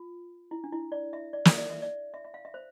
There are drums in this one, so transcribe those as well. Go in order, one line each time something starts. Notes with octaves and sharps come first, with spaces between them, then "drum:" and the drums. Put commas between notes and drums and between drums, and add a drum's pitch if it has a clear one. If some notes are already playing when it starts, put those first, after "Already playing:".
Already playing: F4
E4
D4
E4
D5
E5
D5
E5, drum: snare
D5
E5
D5
E5
E5
F5
E5
C5